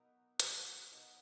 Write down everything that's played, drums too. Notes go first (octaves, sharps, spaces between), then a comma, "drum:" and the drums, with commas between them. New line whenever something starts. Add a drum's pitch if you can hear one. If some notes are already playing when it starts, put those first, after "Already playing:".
Already playing: B2 F#3 B3 D#4 A#4
B2 F#3 B3 D#4 A#4, drum: hi-hat
B2 F#3 B3 D#4 A#4